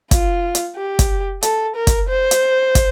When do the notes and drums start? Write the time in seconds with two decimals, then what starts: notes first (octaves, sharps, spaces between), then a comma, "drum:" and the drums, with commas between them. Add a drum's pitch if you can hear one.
0.11 F4, drum: kick, hi-hat
0.55 drum: hi-hat
0.77 G4
0.99 drum: kick, hi-hat
1.43 A4, drum: hi-hat
1.76 A#4
1.87 drum: kick, hi-hat
2.09 C5
2.31 drum: hi-hat
2.75 drum: kick, hi-hat